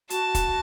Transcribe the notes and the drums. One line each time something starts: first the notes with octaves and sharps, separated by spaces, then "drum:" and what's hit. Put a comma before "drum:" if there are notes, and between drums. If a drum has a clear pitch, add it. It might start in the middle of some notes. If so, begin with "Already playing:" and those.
F#4 A5, drum: hi-hat
drum: kick, hi-hat